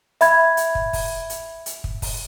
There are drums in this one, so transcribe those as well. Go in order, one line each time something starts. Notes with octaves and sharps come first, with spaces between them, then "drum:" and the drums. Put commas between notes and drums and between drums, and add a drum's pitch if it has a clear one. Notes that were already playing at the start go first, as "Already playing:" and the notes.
E5 B5 G#6, drum: hi-hat
drum: hi-hat
drum: kick
drum: kick, open hi-hat
drum: hi-hat
drum: hi-hat
drum: kick
drum: kick, open hi-hat